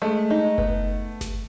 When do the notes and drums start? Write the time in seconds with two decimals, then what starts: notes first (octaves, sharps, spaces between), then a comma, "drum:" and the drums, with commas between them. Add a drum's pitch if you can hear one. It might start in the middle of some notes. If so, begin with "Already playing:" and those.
0.02 G#3 A3
0.30 D#4
0.58 B3, drum: kick F#1
1.21 drum: snare G1